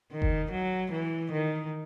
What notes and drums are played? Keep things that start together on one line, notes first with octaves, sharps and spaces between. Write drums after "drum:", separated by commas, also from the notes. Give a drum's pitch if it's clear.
D#3
drum: kick F#1
F#3
E3
D#3